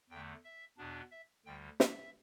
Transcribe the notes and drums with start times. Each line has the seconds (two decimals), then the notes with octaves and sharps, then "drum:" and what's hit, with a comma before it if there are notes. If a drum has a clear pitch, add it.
0.10 E2 D3 A3 G5
0.45 E5
0.78 E2 B2 B3 D4
1.11 E5
1.46 D2 D3 G3 G5
1.80 E5, drum: snare